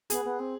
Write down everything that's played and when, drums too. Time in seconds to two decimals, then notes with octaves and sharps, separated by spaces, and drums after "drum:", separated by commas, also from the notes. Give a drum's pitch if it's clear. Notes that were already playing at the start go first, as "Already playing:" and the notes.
0.10 B3 G#4, drum: hi-hat
0.24 B3
0.39 C4